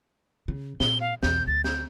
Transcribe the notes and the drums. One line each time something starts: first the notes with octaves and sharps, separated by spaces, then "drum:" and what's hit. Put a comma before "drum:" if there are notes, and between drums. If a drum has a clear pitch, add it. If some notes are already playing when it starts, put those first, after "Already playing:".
C#3
A#2 G7, drum: snare
F5
B1 E2 G6, drum: snare
D2 A6
G6, drum: snare